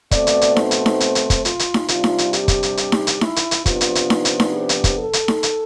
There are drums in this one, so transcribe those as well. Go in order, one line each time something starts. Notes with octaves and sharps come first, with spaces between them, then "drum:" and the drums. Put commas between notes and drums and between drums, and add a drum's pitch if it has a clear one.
B2 A3 C4 D5, drum: kick, hi-hat
drum: hi-hat
drum: hi-hat
C5, drum: snare D#4
drum: hi-hat
drum: snare D#4
drum: hi-hat
drum: hi-hat
drum: kick, hi-hat
F4, drum: hi-hat
drum: hi-hat
drum: snare D#4
C3 G3 D4 F4, drum: hi-hat
drum: snare D#4
drum: hi-hat
G4, drum: hi-hat
drum: kick, hi-hat
drum: hi-hat
drum: hi-hat
drum: snare D#4
drum: hi-hat
E4, drum: snare D#4
drum: hi-hat
drum: hi-hat
C3 F3 B3 D4 F4, drum: kick, hi-hat
drum: hi-hat
drum: hi-hat
drum: snare D#4
drum: hi-hat
drum: snare D#4
G4
drum: hi-hat
drum: kick, hi-hat
A4
drum: hi-hat
drum: snare D#4
drum: hi-hat